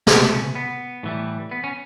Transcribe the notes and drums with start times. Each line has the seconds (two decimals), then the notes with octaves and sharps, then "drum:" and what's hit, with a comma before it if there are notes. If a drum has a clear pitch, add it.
0.07 C#2 B2 A3, drum: snare
0.32 C#4
0.55 B3
1.03 A2 E3 G3
1.51 B3
1.64 C#4